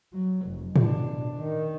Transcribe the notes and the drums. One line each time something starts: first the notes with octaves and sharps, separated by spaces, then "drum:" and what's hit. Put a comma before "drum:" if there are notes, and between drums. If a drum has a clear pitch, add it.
F#3
F1
B2 D4, drum: tom A2
D#3